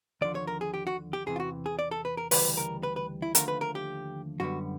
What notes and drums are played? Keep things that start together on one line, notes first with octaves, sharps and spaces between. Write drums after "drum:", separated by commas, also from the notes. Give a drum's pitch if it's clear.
D#2 D3 F3 D5
C#5
A#4
G#4
G4
F#4
G4
E2 C3 E3 G#4
F4
F#4
G#4
D5
A4
B4
A#4
D2 C#3 E3 G3 B4, drum: open hi-hat
A#4
B4
B4
E4
D#2 D3 F3 A3 A#4, drum: hi-hat
B4
A#4
G4
F#2 D3 G3 B3 F#4